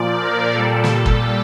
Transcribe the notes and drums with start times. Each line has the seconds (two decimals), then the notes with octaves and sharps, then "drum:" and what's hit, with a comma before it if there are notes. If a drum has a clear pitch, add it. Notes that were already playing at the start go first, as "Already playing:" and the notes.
Already playing: A#2 F3 D5
0.22 A#4
0.53 A#2 G3 A4
0.84 drum: snare
1.06 drum: kick